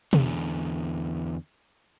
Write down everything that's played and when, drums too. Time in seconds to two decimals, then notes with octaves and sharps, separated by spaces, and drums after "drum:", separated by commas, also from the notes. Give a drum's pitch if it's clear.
0.13 E2 D3, drum: tom B2